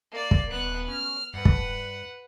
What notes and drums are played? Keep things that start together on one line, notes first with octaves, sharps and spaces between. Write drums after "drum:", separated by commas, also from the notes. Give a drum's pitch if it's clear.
A#3 D5
drum: kick
D#1 B3 F#6
C#4 F6
G2 B4 F#5
drum: kick